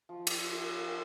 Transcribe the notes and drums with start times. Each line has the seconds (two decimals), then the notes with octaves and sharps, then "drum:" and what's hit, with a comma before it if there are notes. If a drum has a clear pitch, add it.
0.09 F3
0.27 D5, drum: cymbal
0.49 A#4
0.69 A#4
0.88 G5